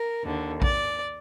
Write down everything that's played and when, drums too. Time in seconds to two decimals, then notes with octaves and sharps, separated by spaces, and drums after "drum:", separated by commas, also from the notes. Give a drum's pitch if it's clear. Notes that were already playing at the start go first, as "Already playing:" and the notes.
Already playing: A#4
0.25 D#2 D3
0.62 D5, drum: kick A1